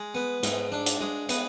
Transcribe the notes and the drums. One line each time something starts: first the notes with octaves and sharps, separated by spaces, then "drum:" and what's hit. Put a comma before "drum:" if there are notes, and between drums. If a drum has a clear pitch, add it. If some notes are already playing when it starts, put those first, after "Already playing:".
Already playing: G#3
B3
G#2, drum: hi-hat
D4
drum: hi-hat
G#3
B3, drum: hi-hat